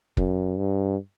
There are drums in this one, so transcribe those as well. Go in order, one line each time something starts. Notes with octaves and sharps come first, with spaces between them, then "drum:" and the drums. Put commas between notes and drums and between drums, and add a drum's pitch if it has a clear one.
F#2, drum: kick
G2